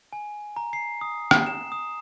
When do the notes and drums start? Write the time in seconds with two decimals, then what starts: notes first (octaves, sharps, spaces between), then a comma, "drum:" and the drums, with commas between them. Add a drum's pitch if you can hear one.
0.13 G#5
0.56 A#5
0.73 C7
1.01 D#6
1.31 drum: rim click
1.47 E7
1.72 D#6